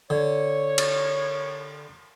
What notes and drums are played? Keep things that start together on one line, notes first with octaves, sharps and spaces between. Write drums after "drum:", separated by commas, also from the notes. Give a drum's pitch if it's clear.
D3 C#5
drum: cymbal